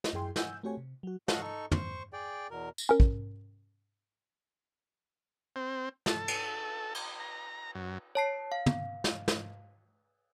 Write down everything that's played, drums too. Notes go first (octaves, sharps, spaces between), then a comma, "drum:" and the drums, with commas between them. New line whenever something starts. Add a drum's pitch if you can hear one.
drum: snare
F#2 E4 G#4 G5 C6
F#5 G#5 E6 G6, drum: snare
A3 C4 F#4 G4 C#5 G#5
C3
F#3 F#4
F#4 A4 D#5 F5 F#5, drum: snare
D#4 A4 C#6
C5 C#6, drum: tom
G#4 D5 G5
E2 B2 A#4
drum: tambourine
C#4 A#4
drum: kick
C4
A4, drum: snare
drum: cymbal
drum: cymbal
A#5
F#2
C#5 A5 C7
F5
drum: tom
drum: snare
drum: snare